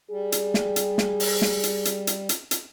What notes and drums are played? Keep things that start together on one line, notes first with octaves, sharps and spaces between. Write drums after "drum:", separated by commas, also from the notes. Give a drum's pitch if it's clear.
G3 G#4
drum: hi-hat
drum: snare
drum: hi-hat
drum: snare
drum: open hi-hat
drum: snare
drum: hi-hat
drum: hi-hat
drum: hi-hat
drum: hi-hat
drum: hi-hat